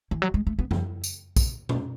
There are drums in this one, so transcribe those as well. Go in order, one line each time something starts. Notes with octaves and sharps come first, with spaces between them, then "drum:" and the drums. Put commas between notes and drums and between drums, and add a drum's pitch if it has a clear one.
E3
F#3
G#3
A3
B3
E4, drum: tom F2
drum: tambourine
drum: kick, tambourine
drum: tom